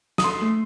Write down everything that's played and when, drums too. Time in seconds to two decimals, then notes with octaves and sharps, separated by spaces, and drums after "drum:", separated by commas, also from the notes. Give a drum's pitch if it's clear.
0.18 D#6, drum: snare
0.24 A4 C6
0.41 A3